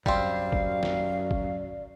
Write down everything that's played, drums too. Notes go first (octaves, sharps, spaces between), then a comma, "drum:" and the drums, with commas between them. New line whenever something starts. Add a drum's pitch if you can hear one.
F#2 G3 C4 D5 F5, drum: kick
drum: kick
drum: snare
drum: kick